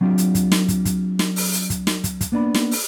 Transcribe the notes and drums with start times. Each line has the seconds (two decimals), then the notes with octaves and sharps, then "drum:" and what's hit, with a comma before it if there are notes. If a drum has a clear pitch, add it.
0.01 F#3 C4 D4 F4 G4
0.18 drum: hi-hat
0.35 drum: kick, hi-hat
0.52 drum: snare
0.68 drum: kick, hi-hat
0.85 drum: kick, hi-hat
1.19 drum: snare
1.36 drum: open hi-hat
1.53 drum: hi-hat
1.70 drum: kick, hi-hat
1.87 drum: snare
2.04 drum: kick, hi-hat
2.21 drum: kick, hi-hat
2.32 A#3 B3 D4 D5 B5
2.54 drum: snare
2.71 drum: open hi-hat